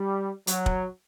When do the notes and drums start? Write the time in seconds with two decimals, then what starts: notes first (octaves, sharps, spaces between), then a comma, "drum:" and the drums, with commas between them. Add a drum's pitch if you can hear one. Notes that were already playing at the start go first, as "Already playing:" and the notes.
Already playing: G3
0.47 F#3, drum: hi-hat
0.66 drum: kick